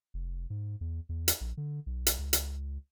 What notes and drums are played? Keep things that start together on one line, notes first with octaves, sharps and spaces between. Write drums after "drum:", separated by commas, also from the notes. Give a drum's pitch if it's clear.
F1
G#2
E2
E2
drum: hi-hat
A#1
D3
B1
drum: hi-hat
C#2
drum: hi-hat